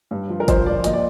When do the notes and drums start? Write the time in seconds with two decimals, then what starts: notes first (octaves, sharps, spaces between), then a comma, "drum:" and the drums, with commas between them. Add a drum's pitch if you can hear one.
0.11 G2
0.30 F3
0.40 A#4
0.48 F3 C5, drum: kick, hi-hat
0.66 F3 D5
0.84 A#2 D#5, drum: hi-hat
0.93 D5